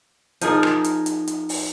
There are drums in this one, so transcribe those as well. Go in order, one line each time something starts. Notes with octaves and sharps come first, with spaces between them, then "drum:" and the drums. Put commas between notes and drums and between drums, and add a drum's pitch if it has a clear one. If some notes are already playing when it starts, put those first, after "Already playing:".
F3 D#4 G#4 A#4, drum: hi-hat
drum: rim click
drum: hi-hat
drum: hi-hat
drum: hi-hat
drum: open hi-hat